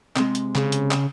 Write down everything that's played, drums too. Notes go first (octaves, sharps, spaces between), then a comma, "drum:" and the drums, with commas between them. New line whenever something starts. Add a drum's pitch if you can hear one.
C3 G#3, drum: clap
drum: hi-hat
C#3, drum: clap
drum: hi-hat
drum: clap